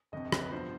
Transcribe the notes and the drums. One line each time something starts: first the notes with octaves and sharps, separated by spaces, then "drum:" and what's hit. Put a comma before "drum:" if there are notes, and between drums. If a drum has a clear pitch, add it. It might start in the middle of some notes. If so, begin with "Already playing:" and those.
G1 F2 C3 D#5
B4, drum: rim click
G2 F3 B3 C5